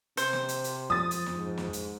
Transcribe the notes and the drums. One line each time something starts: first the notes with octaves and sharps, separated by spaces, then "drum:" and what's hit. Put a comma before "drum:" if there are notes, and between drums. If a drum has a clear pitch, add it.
C3 C5, drum: hi-hat
drum: snare
drum: hi-hat
drum: hi-hat
F2 F3 D#6 A6
drum: hi-hat
drum: snare
G#2
drum: snare
drum: hi-hat